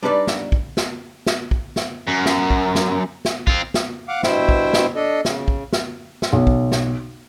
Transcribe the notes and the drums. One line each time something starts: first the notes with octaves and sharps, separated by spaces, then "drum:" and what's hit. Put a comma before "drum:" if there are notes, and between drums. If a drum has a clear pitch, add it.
G3 D4 D#4 B4 D5
drum: snare
drum: kick
drum: snare
drum: snare
drum: kick
drum: snare
F#2
drum: snare
drum: kick
drum: snare
drum: snare
C4 F4, drum: kick
drum: snare
F5 F#5 D6
G2 B2 E4 C5 E5 G5, drum: snare
drum: kick
drum: snare
D4 A4 D#5
C#3, drum: snare
drum: kick
drum: snare
drum: snare
B1
drum: kick
drum: snare